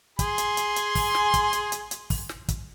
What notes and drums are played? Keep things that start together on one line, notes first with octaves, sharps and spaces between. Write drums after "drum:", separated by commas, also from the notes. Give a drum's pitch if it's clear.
G#4 G#5 C6, drum: kick, hi-hat
drum: hi-hat
drum: hi-hat
drum: hi-hat
drum: kick, open hi-hat
drum: snare
drum: kick, hi-hat
drum: hi-hat
drum: hi-hat
drum: hi-hat
drum: kick, open hi-hat
drum: snare
drum: kick, hi-hat